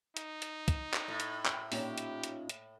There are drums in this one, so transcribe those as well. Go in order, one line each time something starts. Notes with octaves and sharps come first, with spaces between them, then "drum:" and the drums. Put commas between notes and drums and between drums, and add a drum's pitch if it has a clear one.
D#4, drum: hi-hat
drum: hi-hat
drum: kick, hi-hat
drum: clap
A2
drum: hi-hat
drum: clap
A#2 C#4 D#4 F4 G4 C#5, drum: open hi-hat
drum: hi-hat
drum: hi-hat
drum: hi-hat